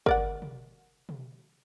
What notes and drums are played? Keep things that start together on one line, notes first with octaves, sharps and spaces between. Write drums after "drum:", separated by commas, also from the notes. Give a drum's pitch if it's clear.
A#4 D5 F#5, drum: kick
drum: tom B2
drum: tom B2